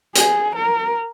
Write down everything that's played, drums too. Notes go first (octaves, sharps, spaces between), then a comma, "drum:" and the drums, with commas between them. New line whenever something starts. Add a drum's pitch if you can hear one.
G#4, drum: hi-hat
A#4